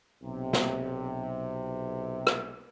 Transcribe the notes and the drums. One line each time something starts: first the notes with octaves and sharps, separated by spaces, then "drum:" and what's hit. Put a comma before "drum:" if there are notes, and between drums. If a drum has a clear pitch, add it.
B1 C3
drum: snare
drum: rim click